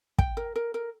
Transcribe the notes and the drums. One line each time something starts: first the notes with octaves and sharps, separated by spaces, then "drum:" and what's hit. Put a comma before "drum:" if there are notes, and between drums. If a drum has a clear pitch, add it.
G5, drum: kick
A#4
A#4
A#4